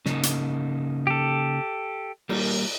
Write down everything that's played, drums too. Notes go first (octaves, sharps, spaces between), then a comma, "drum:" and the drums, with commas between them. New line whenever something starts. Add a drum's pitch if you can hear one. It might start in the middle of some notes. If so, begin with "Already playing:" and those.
C#3 A#3 D#4, drum: snare
drum: hi-hat
G4 A4
G3 A#3, drum: cymbal